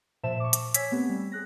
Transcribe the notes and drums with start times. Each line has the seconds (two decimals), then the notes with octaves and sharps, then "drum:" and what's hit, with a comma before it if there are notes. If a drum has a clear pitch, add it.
0.23 A#2 F3 C5 E5 A5 E7
0.40 C#6 D6
0.53 drum: hi-hat
0.74 C#5 G#5 C#6 E6 G#6 B6, drum: hi-hat
0.91 A3 B3 C4 G4
1.09 G3
1.32 G#4 F#6 A#6